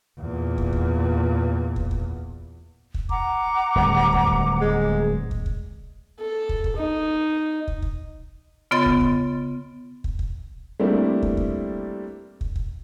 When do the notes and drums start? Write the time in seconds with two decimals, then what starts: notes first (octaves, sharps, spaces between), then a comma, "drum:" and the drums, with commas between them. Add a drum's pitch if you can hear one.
0.19 E2 A#2
0.58 drum: kick
0.73 drum: kick
1.76 drum: kick
1.91 drum: kick
2.94 drum: kick
3.09 F#5 A#5 D6, drum: kick
3.75 D1 D#2 G3
4.13 drum: kick
4.27 drum: kick
4.61 G#3
5.31 drum: kick
5.46 drum: kick
6.19 A4
6.49 drum: kick
6.64 drum: kick
6.76 D#4
7.68 drum: kick
7.82 drum: kick
8.71 C#3 B3 F4 D#5 C6 A6
8.86 drum: kick
9.01 drum: kick
10.04 drum: kick
10.19 drum: kick
10.79 G3 A3 A#3 C4 D4 E4
11.22 drum: kick
11.37 drum: kick
12.41 drum: kick
12.56 drum: kick